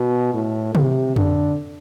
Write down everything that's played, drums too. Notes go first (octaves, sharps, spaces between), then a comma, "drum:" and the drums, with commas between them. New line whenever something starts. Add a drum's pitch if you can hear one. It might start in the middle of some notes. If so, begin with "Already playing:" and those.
Already playing: B2
A2
C3, drum: tom C3
D3, drum: tom F2